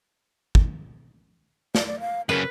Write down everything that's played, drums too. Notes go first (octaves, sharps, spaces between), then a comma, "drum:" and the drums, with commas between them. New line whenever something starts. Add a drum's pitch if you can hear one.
drum: kick
D5, drum: snare
D5
F5
F#2 C#3 A#4 B4